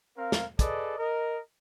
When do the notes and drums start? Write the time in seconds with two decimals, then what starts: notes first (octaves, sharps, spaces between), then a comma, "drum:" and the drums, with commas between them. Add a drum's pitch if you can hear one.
0.18 C4 A#4 F5
0.32 drum: snare
0.59 G#4 A4 B4 D5 D#5, drum: kick, hi-hat
0.98 A#4 D#5